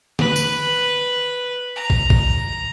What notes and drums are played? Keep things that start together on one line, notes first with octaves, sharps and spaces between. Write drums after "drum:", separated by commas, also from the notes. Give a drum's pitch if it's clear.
B4, drum: tom D3
drum: tambourine
A#5
drum: kick
drum: kick